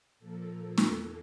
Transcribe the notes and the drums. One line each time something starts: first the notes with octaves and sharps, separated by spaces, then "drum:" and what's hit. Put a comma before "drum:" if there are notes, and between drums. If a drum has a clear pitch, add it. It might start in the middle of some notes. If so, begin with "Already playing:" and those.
A#2 F3 A#3 A4
E2 E3 A#3, drum: snare